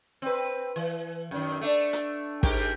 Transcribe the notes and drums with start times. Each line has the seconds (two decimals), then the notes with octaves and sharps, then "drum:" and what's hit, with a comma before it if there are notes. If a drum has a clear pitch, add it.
0.22 C4 B4
0.76 E3
1.31 F#2 D#3
1.61 A3 D4
1.93 drum: hi-hat
2.43 G#2 G4 A#4, drum: kick